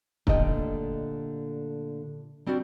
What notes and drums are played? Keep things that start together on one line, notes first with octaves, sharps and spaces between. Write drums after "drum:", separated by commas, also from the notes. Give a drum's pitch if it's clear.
A#2 D3 G3 A3 D#5 G5, drum: kick
G3 C4 D4 F#4 D5